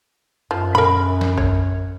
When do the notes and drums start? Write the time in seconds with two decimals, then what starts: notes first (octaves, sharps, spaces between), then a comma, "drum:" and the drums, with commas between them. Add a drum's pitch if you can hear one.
0.51 F#2 F3
0.75 A#4 B5, drum: tom A#2
1.21 drum: snare
1.38 C#5, drum: kick